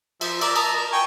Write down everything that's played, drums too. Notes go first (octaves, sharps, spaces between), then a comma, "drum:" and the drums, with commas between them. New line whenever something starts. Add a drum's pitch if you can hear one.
F3 E5, drum: cymbal
A#4 D5 E6, drum: cymbal
A5 A#5 D#6, drum: cymbal
A#4
G5 G#5 C#6